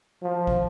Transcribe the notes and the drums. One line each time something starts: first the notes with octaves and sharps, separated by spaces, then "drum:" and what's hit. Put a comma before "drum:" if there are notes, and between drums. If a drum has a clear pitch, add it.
F3
drum: kick